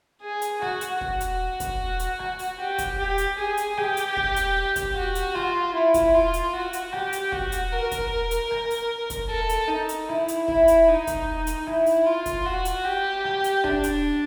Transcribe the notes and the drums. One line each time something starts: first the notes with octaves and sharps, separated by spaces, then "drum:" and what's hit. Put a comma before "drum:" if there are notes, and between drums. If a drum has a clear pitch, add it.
G#4
drum: hi-hat
F#4, drum: rim click
drum: hi-hat
F#4, drum: kick
drum: hi-hat
drum: kick, hi-hat
drum: hi-hat
drum: rim click
drum: open hi-hat
G4
drum: kick, hi-hat
G4
drum: hi-hat
G#4
drum: hi-hat
G4, drum: rim click
drum: hi-hat
drum: kick
drum: hi-hat
drum: kick, hi-hat
F#4
drum: hi-hat
F4, drum: rim click
E4
drum: kick, hi-hat
F4
drum: hi-hat
F#4
drum: hi-hat
G4, drum: rim click
drum: hi-hat
F#4, drum: kick
drum: hi-hat
A#4
drum: kick, hi-hat
drum: hi-hat
drum: rim click
drum: open hi-hat
drum: kick, hi-hat
A4
drum: hi-hat
D#4
drum: hi-hat
E4, drum: rim click
drum: hi-hat
E4, drum: kick
drum: hi-hat
D#4
drum: kick, hi-hat
drum: hi-hat
E4, drum: rim click
drum: open hi-hat
F4
drum: kick, hi-hat
F#4
drum: hi-hat
G4
drum: rim click
drum: hi-hat
D4, drum: kick
drum: hi-hat